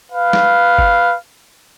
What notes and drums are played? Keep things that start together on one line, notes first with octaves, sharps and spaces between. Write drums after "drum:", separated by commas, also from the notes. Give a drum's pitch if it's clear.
B4 F5
drum: snare
drum: kick G1